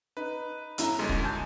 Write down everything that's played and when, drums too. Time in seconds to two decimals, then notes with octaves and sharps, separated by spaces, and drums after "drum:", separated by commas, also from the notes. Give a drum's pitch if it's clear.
0.17 D#4 B4
0.78 G1 E4 A#5, drum: hi-hat
0.99 G1 F#2 G#3
1.09 drum: kick
1.24 G#5 A5 G6